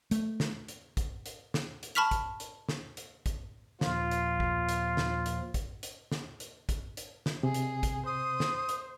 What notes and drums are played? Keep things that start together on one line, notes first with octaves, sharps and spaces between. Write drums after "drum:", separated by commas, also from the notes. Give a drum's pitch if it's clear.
A3, drum: hi-hat
drum: snare
drum: hi-hat
drum: kick, hi-hat
drum: hi-hat
drum: snare
drum: hi-hat
A5 B5 C#6 F6 B6 F7
drum: kick, hi-hat
drum: hi-hat
drum: snare
drum: hi-hat
drum: kick, hi-hat
D#2 A#2 F3 F4, drum: snare
drum: hi-hat
drum: kick
drum: hi-hat
drum: snare
drum: hi-hat
drum: kick, hi-hat
drum: hi-hat
drum: snare
drum: hi-hat
drum: kick, hi-hat
drum: hi-hat
drum: snare
C3 G#4
drum: hi-hat
drum: kick, hi-hat
C5 D#6
drum: snare
drum: hi-hat